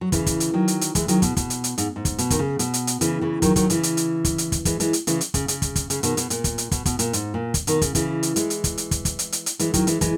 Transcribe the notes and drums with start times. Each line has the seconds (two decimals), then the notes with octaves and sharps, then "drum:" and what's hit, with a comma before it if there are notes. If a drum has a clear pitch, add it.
0.01 F#3
0.12 C#3 E3, drum: kick, hi-hat
0.26 drum: kick, hi-hat
0.40 drum: hi-hat
0.53 D#3 F#3
0.68 drum: hi-hat
0.81 drum: hi-hat
0.95 E3 G#3, drum: kick, hi-hat
1.08 D#3 F#3, drum: hi-hat
1.22 B2, drum: kick, hi-hat
1.37 B2, drum: kick, hi-hat
1.50 drum: hi-hat
1.64 drum: hi-hat
1.78 G#2, drum: hi-hat
1.96 G#2
2.05 drum: kick, hi-hat
2.18 B2, drum: hi-hat
2.30 D#3, drum: kick, hi-hat
2.39 C#3
2.59 B2, drum: hi-hat
2.74 drum: hi-hat
2.87 drum: hi-hat
3.01 C#3 E3, drum: hi-hat
3.21 C#3 E3
3.42 D#3 F#3, drum: kick, hi-hat
3.56 D#3 F#3, drum: kick, hi-hat
3.70 C#3 E3, drum: hi-hat
3.83 drum: hi-hat
3.97 drum: hi-hat
4.25 drum: kick, hi-hat
4.38 drum: hi-hat
4.52 drum: kick, hi-hat
4.65 E3 G#3, drum: kick, hi-hat
4.80 E3 G#3, drum: hi-hat
4.93 drum: hi-hat
5.07 C#3 E3, drum: hi-hat
5.21 drum: hi-hat
5.34 C#3, drum: kick, hi-hat
5.48 C#3, drum: hi-hat
5.62 drum: kick, hi-hat
5.76 drum: kick, hi-hat
5.90 C#3, drum: hi-hat
6.03 B2 D#3, drum: hi-hat
6.17 B2, drum: hi-hat
6.30 A#2, drum: hi-hat
6.44 drum: kick, hi-hat
6.58 drum: hi-hat
6.71 B2, drum: kick, hi-hat
6.86 B2, drum: kick, hi-hat
6.99 A#2, drum: hi-hat
7.13 G#2, drum: hi-hat
7.34 A#2
7.54 drum: kick, hi-hat
7.67 B2 D#3, drum: hi-hat
7.82 C#3, drum: kick, hi-hat
7.95 C#3 E3, drum: kick, hi-hat
8.23 drum: hi-hat
8.36 E3 G#3, drum: hi-hat
8.50 drum: hi-hat
8.64 drum: kick, hi-hat
8.78 drum: hi-hat
8.91 drum: kick, hi-hat
9.05 drum: kick, hi-hat
9.19 drum: hi-hat
9.32 drum: hi-hat
9.46 drum: hi-hat
9.59 E3 G#3, drum: hi-hat
9.74 D#3 F#3, drum: kick, hi-hat
9.87 E3 G#3, drum: hi-hat
10.01 E3 G#3, drum: kick, hi-hat